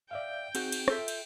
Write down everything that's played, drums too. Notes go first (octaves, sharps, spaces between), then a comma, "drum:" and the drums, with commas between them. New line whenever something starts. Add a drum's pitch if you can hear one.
D5 E5 F5 G5
C4 D#4 F#4 G#4 G6, drum: cymbal
drum: cymbal
F4 A4 E5, drum: rim click
drum: cymbal